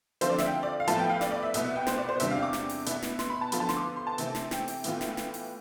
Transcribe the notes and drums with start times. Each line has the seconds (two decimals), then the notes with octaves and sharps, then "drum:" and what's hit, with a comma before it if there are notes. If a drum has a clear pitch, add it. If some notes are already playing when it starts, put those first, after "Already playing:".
0.21 D3 F3 C4 F4 C5, drum: hi-hat
0.30 D5
0.38 E5, drum: snare
0.46 G5
0.63 D5
0.80 F5
0.87 A2 F3 B3 E4 A5, drum: hi-hat
0.99 G5
1.10 F5
1.21 D5, drum: snare
1.32 D5
1.43 E5
1.54 C2 B2 B3 E5, drum: hi-hat
1.76 G5
1.87 C5, drum: snare
1.98 D5
2.09 C5
2.20 E2 C3 G3 D4 E5, drum: hi-hat
2.31 F5
2.43 D6
2.53 drum: snare
2.69 drum: open hi-hat
2.86 B2 B3 E4, drum: hi-hat
3.03 drum: snare
3.19 C6, drum: snare
3.30 B5
3.41 A5
3.52 D3 F3 B3 F4 B5, drum: hi-hat
3.60 A5
3.69 C6, drum: snare
3.77 D6
3.96 C6
4.07 A5
4.18 C3 E3 A3 C4, drum: hi-hat
4.35 drum: snare
4.51 G5, drum: snare
4.68 drum: open hi-hat
4.84 A2 E3 B3 F4, drum: hi-hat
5.01 drum: snare
5.17 drum: snare
5.34 drum: open hi-hat